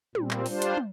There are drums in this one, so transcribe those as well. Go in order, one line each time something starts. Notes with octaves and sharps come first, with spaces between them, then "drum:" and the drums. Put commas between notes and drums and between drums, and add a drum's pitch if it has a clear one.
A#2 G3 C4, drum: tom
drum: clap
G3 D4 F4 C5, drum: open hi-hat
drum: hi-hat
drum: tom